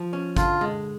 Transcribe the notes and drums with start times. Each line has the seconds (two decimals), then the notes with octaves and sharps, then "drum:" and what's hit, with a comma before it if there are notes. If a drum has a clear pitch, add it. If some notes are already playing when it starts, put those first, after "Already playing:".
Already playing: F3
0.13 C#4
0.37 D3 F4, drum: kick, hi-hat
0.61 G#3